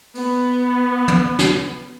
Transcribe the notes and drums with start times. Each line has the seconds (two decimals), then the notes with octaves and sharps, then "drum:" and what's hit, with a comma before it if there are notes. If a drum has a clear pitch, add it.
0.15 B3, drum: open hi-hat
1.08 drum: tom
1.39 drum: snare